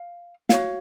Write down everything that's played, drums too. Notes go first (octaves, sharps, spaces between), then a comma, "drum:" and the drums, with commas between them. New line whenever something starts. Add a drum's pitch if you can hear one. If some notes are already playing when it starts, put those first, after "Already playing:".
Already playing: F5
F#4 C#5 F5, drum: snare